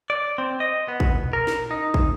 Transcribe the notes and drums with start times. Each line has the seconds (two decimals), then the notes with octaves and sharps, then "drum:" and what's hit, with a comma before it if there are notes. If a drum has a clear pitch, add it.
0.10 D5
0.38 C4
0.60 D#5
0.88 B3
1.00 drum: kick
1.24 drum: tom A#2
1.33 A#4
1.47 drum: snare
1.71 D#4
1.94 drum: kick